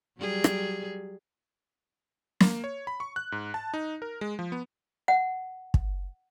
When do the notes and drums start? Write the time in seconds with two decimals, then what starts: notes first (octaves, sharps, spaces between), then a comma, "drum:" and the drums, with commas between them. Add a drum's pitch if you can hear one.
0.19 F#3 G3 G#4
0.44 drum: rim click
2.41 A#3, drum: snare
2.64 C#5
2.87 B5
3.00 C#6
3.16 F#6
3.32 G#2
3.54 A5
3.74 D#4
4.02 A#4
4.21 G#3
4.39 F3
4.52 B3
5.08 F#5
5.74 drum: kick